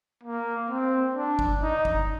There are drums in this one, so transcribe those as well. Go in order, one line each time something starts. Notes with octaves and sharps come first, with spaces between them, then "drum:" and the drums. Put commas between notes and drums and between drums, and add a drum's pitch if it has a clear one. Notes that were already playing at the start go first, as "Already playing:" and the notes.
A#3
C4
D4
drum: kick
D#4
drum: kick